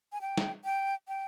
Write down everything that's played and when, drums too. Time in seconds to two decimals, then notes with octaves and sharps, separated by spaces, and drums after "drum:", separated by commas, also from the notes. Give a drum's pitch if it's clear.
0.12 G#5
0.21 G5
0.38 drum: snare
0.64 G5
1.08 G5